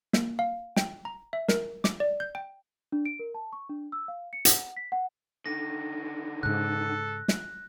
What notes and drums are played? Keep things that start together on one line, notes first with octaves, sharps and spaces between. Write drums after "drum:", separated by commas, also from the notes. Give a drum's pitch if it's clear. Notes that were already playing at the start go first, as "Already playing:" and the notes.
A#3, drum: snare
F5
G5, drum: snare
A#5
E5
A#4, drum: snare
D6, drum: snare
D5
G6
G5
D4
D7
A#4
A5
C#6
D4
E6
F5
C#7
F#5, drum: hi-hat
B6
F#5
D3 D#3 A#6
G#2 C#3 A4 F#6
drum: snare